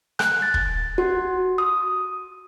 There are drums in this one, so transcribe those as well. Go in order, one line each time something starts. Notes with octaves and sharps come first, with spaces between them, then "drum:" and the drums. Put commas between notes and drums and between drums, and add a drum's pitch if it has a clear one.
F#6, drum: rim click
A6
drum: kick
F#4
D#6